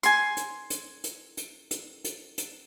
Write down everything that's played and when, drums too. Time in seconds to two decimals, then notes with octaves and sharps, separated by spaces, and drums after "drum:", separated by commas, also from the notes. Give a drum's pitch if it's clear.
0.03 G#5 C6, drum: hi-hat
0.37 drum: hi-hat
0.70 drum: hi-hat
1.04 drum: hi-hat
1.37 drum: hi-hat
1.71 drum: hi-hat
2.04 drum: hi-hat
2.38 drum: hi-hat